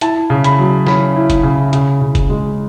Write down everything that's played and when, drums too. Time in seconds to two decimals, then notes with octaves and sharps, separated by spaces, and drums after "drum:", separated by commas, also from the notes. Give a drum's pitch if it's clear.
0.01 E4 A5, drum: hi-hat
0.30 C#3
0.44 B5, drum: hi-hat
0.59 F#3
0.87 C#4 B5, drum: snare
1.16 E4
1.30 drum: kick F1, hi-hat
1.43 C#3
1.73 C#3, drum: hi-hat
2.01 C#3
2.15 drum: kick F1, hi-hat
2.30 G#3